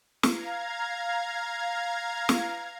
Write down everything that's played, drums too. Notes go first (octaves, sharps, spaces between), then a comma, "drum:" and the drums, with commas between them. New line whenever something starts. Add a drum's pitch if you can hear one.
F5 A#5 G#6, drum: snare
drum: snare